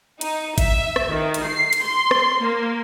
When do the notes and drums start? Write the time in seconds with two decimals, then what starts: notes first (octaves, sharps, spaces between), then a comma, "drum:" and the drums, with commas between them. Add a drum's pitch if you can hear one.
0.21 D#4, drum: hi-hat
0.58 E5, drum: kick G#1, hi-hat
0.96 drum: rim click
1.10 D#3
1.34 drum: hi-hat
1.47 C7
1.73 drum: hi-hat
1.84 C6
2.11 drum: rim click
2.44 A#3